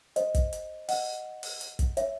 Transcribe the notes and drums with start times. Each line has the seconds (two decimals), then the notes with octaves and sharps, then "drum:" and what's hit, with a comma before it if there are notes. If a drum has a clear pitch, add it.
0.16 C5 D#5, drum: hi-hat
0.35 drum: kick, hi-hat
0.53 drum: hi-hat
0.89 D#5 F#5, drum: open hi-hat
1.43 drum: open hi-hat
1.61 drum: hi-hat
1.79 drum: kick, hi-hat
1.97 C#5 E5, drum: hi-hat